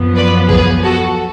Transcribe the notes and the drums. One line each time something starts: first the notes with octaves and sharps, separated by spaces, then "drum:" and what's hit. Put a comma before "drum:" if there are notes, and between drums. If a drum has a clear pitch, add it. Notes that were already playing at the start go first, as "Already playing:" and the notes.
Already playing: F#2 F3 B3
B4 D5
G#4 B4, drum: kick
F#4 A4